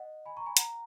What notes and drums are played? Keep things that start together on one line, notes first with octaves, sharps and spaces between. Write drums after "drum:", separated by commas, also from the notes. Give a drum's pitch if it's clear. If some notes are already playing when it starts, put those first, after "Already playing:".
Already playing: D#5 F#5
G#5 B5
A#5 C#6
G#5 B5
F#5 A#5, drum: hi-hat